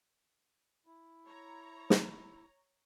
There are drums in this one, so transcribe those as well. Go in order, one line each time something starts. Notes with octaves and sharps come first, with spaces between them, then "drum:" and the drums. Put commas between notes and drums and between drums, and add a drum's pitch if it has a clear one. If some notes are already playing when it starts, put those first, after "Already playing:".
E4
C#5 A#5
drum: snare